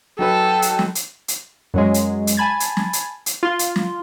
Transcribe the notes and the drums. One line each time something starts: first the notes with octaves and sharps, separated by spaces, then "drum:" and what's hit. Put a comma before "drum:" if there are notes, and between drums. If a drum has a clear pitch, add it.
F#3 D#4 A4 B4 G5
drum: hi-hat
drum: snare
drum: hi-hat
drum: hi-hat
F#2 F#3 G#3
drum: hi-hat
drum: hi-hat
G#5 A5 B5 G#6 A6
drum: hi-hat
drum: snare
drum: hi-hat
drum: hi-hat
F4 C6
drum: hi-hat
drum: snare